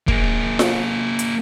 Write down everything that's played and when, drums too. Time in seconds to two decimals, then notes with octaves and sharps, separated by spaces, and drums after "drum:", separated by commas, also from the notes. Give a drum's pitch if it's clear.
0.08 A#3 G#4, drum: kick
0.59 drum: snare F4
1.19 drum: hi-hat